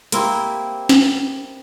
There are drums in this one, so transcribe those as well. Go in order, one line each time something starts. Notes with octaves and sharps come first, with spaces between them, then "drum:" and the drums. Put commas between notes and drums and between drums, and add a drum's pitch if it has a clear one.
A#3 C4 E4 G4, drum: hi-hat
drum: snare